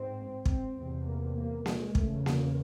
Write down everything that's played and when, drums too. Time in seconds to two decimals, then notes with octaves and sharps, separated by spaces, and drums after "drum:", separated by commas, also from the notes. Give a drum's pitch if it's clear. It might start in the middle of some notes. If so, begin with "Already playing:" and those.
Already playing: G#2 C4
0.45 C4, drum: kick
0.76 E2 C3
1.06 A#3
1.35 A#3
1.66 G#3, drum: snare A#3
1.95 E2 C#3 A3, drum: kick
2.26 A#3, drum: snare A#3